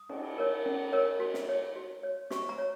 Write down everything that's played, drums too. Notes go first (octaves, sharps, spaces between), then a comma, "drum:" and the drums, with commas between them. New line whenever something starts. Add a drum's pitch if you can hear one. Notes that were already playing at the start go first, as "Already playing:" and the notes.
Already playing: D#6
C#4, drum: cymbal
A#4 C#5
C#4
A#4 C#5
F#4
drum: snare
C#5
F#4
C#5
F#4 C#6, drum: snare
A#5
C#5